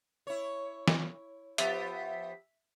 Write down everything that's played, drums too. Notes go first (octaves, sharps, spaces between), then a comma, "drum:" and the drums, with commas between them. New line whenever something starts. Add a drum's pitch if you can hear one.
E4 C#5
drum: snare
F3 B3 G4 E5 B6, drum: hi-hat